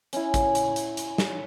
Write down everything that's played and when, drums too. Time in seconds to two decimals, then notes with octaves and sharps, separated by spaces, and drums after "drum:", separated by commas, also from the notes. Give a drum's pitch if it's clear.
0.13 C#4 E4, drum: hi-hat
0.34 drum: kick A1, hi-hat
0.55 drum: hi-hat
0.76 drum: hi-hat
0.97 drum: hi-hat
1.18 drum: snare